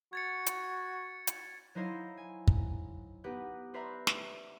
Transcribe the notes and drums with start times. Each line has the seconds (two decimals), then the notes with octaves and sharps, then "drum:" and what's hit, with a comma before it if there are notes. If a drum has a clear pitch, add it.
0.13 F#4 G#6 A6 C#7
0.46 drum: hi-hat
1.27 drum: hi-hat
1.75 F#3 D#4 E4 C5 D#5 F5
2.17 G#5
2.48 drum: kick
3.24 B3 D#4 G4 B4 F#5
3.74 B4 C5 D5 E5 A#5 B5
4.07 drum: snare